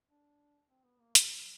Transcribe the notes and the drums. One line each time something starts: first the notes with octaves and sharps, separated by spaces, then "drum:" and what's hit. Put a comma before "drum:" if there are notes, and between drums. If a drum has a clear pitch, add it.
D4
C4
B3
A#3
E3, drum: hi-hat
F#3